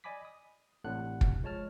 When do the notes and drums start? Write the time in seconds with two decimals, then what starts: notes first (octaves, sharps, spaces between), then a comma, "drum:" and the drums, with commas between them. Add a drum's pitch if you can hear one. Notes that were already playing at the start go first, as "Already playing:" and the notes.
0.04 D5 D#5 G#5 B5 D6 B6
0.25 D#6
0.84 A1 A2 C3 D4 F#5 F#6
1.21 drum: kick
1.43 F3 G#3 C#5 A5 F6